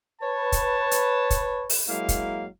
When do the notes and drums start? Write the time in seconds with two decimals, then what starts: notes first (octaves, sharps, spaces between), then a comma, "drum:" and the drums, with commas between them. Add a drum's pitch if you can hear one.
0.22 B4 C#5 A5
0.52 drum: kick, hi-hat
0.91 drum: hi-hat
1.30 drum: kick, hi-hat
1.69 drum: open hi-hat
1.89 F#3 G#3 A#3 E4 F5
2.09 drum: kick, hi-hat